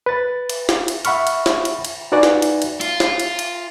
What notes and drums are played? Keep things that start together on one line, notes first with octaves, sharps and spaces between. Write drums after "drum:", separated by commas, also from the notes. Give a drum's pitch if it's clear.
B4 A6
drum: cymbal
drum: snare
drum: cymbal
E5 F#5 B5 C#6 F6, drum: cymbal
drum: cymbal
drum: snare
drum: cymbal
drum: cymbal
D#4 F#4 B4 D5 F#5 G#5
drum: snare
drum: cymbal
drum: cymbal
F4, drum: cymbal
drum: snare
drum: cymbal
drum: cymbal